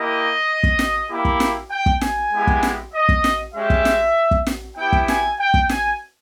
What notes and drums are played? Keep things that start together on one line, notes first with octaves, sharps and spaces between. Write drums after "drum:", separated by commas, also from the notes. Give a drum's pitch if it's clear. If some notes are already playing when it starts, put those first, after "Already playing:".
Already playing: A#3 E4 G4 D#5
drum: kick
drum: snare
A#3 E4 G4
drum: kick
drum: snare
G5
drum: kick
G#5, drum: snare
G#3 B3 E4 G4
drum: kick
drum: snare
D#5
drum: kick
drum: snare
G#3 C#4 G4 E5
drum: kick
drum: snare
drum: kick
drum: snare
B3 E4 G4 G5
drum: kick
G#5, drum: snare
G5
drum: kick
G#5, drum: snare